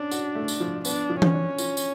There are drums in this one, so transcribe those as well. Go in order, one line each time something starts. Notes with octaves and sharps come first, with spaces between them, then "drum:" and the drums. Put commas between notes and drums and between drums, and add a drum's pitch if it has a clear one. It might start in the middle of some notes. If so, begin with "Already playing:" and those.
Already playing: C#4 D4
F#4, drum: tambourine
A3
drum: tambourine
F3
B3 D4, drum: tambourine
F3
C#4, drum: tom E3
D4
F4, drum: tambourine
drum: tambourine